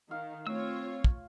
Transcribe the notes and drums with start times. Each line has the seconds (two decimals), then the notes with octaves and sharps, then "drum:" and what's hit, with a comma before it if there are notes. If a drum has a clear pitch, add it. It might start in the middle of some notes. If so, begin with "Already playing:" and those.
0.11 D#3 F5
0.47 A3 C4 F4 C#5 E6
1.04 drum: kick